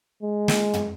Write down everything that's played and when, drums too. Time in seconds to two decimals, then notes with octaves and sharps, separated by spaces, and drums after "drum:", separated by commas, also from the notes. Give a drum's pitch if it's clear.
0.23 G#3
0.48 drum: snare
0.74 drum: tom